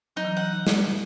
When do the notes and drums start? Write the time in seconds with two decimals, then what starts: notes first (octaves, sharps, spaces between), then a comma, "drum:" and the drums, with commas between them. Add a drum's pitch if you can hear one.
0.16 F#3 D#4
0.25 E3
0.31 F#3
0.37 F#5
0.67 drum: snare